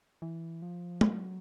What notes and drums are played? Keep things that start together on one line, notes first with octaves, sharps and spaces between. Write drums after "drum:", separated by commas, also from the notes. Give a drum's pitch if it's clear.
E3
F3
F#3, drum: tom